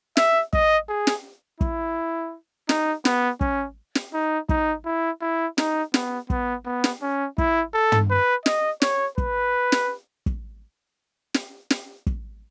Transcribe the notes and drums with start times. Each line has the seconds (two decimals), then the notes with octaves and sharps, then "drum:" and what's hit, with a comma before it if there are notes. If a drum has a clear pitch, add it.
0.17 E5, drum: snare
0.53 D#5, drum: kick
0.89 G#4
1.07 drum: snare
1.61 E4, drum: kick
2.69 D#4, drum: snare
3.05 B3, drum: snare
3.41 C#4, drum: kick
3.95 drum: snare
4.14 D#4
4.49 D#4, drum: kick
4.86 E4
5.22 E4
5.58 D#4, drum: snare
5.94 B3, drum: snare
6.30 B3, drum: kick
6.66 B3
6.84 drum: snare
7.02 C#4
7.38 E4, drum: kick
7.74 A4
7.92 drum: tom
8.10 B4
8.46 D#5, drum: snare
8.82 C#5, drum: snare
9.18 B4, drum: kick
9.72 drum: snare
10.26 drum: kick
11.34 drum: snare
11.70 drum: snare
12.06 drum: kick